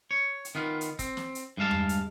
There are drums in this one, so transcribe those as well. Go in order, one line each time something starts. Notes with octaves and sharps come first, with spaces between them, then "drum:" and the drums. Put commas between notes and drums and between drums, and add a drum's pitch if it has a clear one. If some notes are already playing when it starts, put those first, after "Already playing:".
C#5
drum: hi-hat
D#3 B3 F4
drum: hi-hat
C4, drum: kick, hi-hat
drum: snare
drum: hi-hat
G2 G#3 F5 A5
drum: tom E2
drum: hi-hat